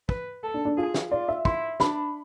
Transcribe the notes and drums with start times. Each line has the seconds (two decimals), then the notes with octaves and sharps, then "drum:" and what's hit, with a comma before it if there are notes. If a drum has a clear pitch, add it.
0.09 B4, drum: kick
0.43 A4
0.54 D4
0.65 D4
0.77 F4 G#4
0.94 drum: snare
1.11 F4 D5
1.29 E5
1.45 E4 C6, drum: kick
1.80 D4 B5, drum: snare